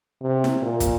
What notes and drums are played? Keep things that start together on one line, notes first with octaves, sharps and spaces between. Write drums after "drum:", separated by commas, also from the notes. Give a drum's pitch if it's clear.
C3
drum: snare E4
A#2
drum: kick, hi-hat